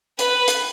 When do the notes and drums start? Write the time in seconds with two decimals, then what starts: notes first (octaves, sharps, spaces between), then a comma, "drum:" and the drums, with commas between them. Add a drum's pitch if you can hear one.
0.19 B4, drum: hi-hat
0.48 drum: hi-hat